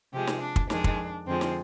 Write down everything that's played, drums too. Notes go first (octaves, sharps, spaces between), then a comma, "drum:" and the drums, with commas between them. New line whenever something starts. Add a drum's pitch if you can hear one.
C3 F3 G#3 G4
drum: snare
D4
drum: kick
F2 D#3 G#3 D4, drum: snare
drum: kick
F2 D3 F3 G#3 C4
drum: snare